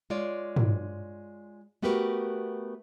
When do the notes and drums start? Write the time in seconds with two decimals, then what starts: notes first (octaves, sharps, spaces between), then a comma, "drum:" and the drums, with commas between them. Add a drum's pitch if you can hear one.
0.10 G#3 F4 C#5 D5
0.56 drum: tom
1.82 A3 B3 F#4 G4 A#4 B4